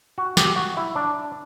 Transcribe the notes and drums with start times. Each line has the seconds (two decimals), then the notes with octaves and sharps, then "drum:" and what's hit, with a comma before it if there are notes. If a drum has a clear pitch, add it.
0.18 F#4
0.37 G4, drum: snare
0.56 F#4
0.77 E4
0.96 D4